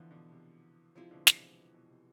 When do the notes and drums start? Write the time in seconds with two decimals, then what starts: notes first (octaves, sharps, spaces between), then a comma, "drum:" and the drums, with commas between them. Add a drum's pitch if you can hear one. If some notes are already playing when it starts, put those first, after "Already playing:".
Already playing: D3 E3 F3 B3 E4
0.11 B2 D3
0.32 C3
0.95 C3 F3 G#3 C4 E4
1.11 B2 D3
1.27 C3 E3, drum: snare
1.74 B2
1.91 C3